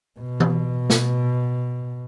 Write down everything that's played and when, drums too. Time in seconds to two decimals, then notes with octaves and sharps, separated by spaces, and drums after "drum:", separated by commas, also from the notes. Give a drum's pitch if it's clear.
0.20 B2
0.40 drum: tom E3
0.90 drum: snare